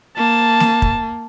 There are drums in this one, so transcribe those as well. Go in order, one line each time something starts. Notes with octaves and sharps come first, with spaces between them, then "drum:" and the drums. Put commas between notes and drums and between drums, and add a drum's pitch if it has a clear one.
A#3 A5
drum: snare
drum: kick